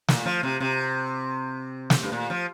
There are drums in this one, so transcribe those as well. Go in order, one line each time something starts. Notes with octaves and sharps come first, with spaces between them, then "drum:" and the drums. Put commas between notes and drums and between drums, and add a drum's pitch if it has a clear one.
A#2, drum: snare
F3
C3
C3
drum: snare
G2
A#2
F3